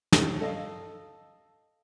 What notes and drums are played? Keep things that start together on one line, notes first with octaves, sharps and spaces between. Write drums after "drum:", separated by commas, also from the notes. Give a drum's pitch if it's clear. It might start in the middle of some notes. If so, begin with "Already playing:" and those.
D#3 C#4 A4, drum: snare
A4 D#5 F5